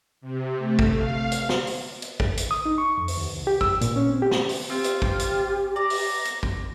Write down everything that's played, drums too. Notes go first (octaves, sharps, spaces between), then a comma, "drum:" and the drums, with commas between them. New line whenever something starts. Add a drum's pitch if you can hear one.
C3
A3
drum: kick A1
F5
drum: hi-hat
drum: snare
drum: open hi-hat
drum: hi-hat
drum: kick A1
drum: hi-hat
D#6
D#4
C#6
F2
drum: open hi-hat
D#2
C2
G4
E6, drum: kick A1
A#2, drum: hi-hat
C#4
C4
G4
drum: snare
drum: open hi-hat
C4 F4 G4
drum: hi-hat
drum: kick A1
drum: hi-hat
D5 A#5
drum: open hi-hat
drum: hi-hat
drum: kick A1